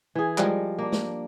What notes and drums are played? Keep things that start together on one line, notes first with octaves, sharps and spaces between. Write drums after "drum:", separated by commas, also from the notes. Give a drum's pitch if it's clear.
E3 G#4
F3 G3 G#3 A#4, drum: clap
A#3 D4
drum: snare